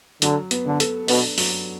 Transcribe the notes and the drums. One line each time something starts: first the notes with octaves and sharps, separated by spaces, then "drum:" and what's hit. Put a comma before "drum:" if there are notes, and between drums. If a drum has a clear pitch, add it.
D3 F#3, drum: hi-hat
B3, drum: hi-hat
D3
A4, drum: hi-hat
B2 D4, drum: open hi-hat
F#3, drum: open hi-hat